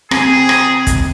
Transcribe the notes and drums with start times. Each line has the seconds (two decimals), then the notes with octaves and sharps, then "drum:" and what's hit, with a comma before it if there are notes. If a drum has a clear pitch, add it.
0.11 C4 G#4, drum: rim click
0.49 drum: rim click
0.87 drum: kick, hi-hat